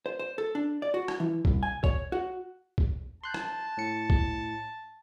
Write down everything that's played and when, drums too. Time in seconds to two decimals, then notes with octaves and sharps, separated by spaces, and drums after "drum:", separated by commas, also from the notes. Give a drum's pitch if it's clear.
0.06 C5
0.19 C5
0.38 A4
0.55 D4
0.82 D5
0.94 F#4
1.08 drum: rim click
1.20 E3
1.45 C2, drum: kick
1.63 G#5
1.84 C#5, drum: kick
2.12 F#4
2.78 drum: kick
3.24 A5 C6 F#6 G6
3.34 drum: rim click
3.77 A2 C#7
4.10 drum: kick